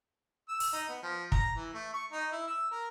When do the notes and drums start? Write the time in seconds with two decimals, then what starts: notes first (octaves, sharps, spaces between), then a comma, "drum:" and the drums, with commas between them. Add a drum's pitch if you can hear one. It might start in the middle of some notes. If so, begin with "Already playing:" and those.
0.49 E6
0.60 drum: open hi-hat
0.73 D#4
0.88 B3
1.03 F3
1.32 A#5, drum: kick
1.56 E3
1.74 A3
1.94 C#6
2.12 D#4
2.32 E4
2.48 E6
2.71 A#4